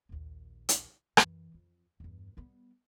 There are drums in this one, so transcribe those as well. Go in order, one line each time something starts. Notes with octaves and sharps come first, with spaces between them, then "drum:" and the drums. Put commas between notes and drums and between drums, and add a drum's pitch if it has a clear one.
A#1 D#2
drum: hi-hat
F#2 E3, drum: rim click
F2
E2 G2
G3 B3